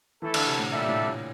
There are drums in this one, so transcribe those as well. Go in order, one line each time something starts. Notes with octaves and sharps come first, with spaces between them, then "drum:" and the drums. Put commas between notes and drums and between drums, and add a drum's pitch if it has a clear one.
E3 A3 E4 A4
D3, drum: cymbal
C3
A2
A#2 G3 D4 A4 E5
A2
A2